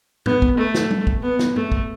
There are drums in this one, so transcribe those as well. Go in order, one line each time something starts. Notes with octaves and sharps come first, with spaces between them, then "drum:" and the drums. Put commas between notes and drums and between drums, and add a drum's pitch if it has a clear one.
B3, drum: tom G#2
drum: kick
A3
drum: snare
drum: tom G3
drum: kick
B3
drum: snare
A3, drum: tom G#2
drum: kick